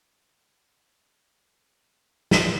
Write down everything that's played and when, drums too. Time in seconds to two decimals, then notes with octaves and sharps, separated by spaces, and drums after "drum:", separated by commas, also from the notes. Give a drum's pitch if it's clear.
0.01 F#5 A5 G6
2.31 drum: snare